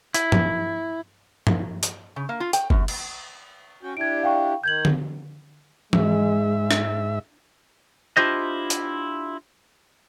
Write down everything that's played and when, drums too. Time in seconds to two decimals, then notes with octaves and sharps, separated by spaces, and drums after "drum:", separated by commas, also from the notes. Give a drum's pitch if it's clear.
0.14 E4, drum: hi-hat
0.32 drum: tom G2
1.47 drum: tom G2
1.83 drum: hi-hat
2.16 C#3
2.29 A#3
2.40 F4
2.53 G5, drum: hi-hat
2.70 F#2, drum: kick F#1
2.88 drum: cymbal
3.83 C#4 F#4 G5
3.97 D4 E4 G4 G#6 D7
4.23 F5 G5 C#6
4.64 D#3 G6 G#6 F#7
4.85 drum: tom D3
5.93 G#2 G#3 E5, drum: tom E3
6.71 drum: rim click
8.17 D4 E4 F4 G4 C5 D#5
8.70 drum: hi-hat